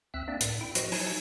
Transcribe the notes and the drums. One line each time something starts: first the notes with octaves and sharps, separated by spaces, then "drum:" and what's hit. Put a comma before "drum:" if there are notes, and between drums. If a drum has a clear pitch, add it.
D2 C4 E5 E6 F#6
A#3 C4 D4 D5 E5
A2, drum: hi-hat
E4 G5
F3 F#4 D#5, drum: hi-hat
F#3 D#4 E4 G#5 A5 G#6, drum: open hi-hat